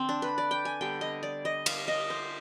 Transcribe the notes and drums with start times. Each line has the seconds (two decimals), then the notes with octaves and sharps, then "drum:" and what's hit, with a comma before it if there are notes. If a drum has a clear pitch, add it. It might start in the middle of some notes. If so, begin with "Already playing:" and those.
Already playing: D3 C4
0.09 D4
0.22 B4
0.38 D5
0.51 G5
0.65 G#5
0.81 D3 G3 B3 G5
1.01 D#5
1.23 D5
1.45 D#5
1.66 F5, drum: cymbal
1.88 D#5
2.10 C5